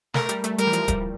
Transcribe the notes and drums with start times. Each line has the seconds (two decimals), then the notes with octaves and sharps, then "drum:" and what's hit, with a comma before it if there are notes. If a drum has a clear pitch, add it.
0.14 A3 A#4, drum: snare
0.29 G3, drum: hi-hat
0.44 A3, drum: hi-hat
0.58 G3 A#4, drum: hi-hat
0.67 E3
0.73 F3, drum: hi-hat
0.88 G3, drum: kick D1, hi-hat